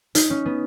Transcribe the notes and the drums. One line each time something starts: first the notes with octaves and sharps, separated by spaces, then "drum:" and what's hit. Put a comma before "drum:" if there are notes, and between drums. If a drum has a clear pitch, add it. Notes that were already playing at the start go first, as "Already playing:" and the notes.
D#4, drum: hi-hat
C#4
B3